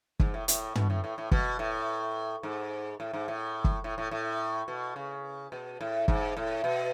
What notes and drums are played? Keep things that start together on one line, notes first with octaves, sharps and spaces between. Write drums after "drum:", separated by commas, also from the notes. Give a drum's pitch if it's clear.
G#2, drum: kick
A2
A2, drum: hi-hat
B2, drum: tom
A2
A2
A2
B2, drum: kick
A2
G#2
A2
G#2
A2
drum: kick
A2
A2
A2
B2
C#3
B2
A2
G#2, drum: kick
A2
B2